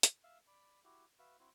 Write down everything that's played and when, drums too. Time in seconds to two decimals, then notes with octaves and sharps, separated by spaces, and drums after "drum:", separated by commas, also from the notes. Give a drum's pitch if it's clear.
0.03 drum: hi-hat
0.23 E5 F5
0.47 D5 B5
0.84 E4 F#4 G4
1.19 F#4 B4 E5 F5
1.39 C4 E4 F#4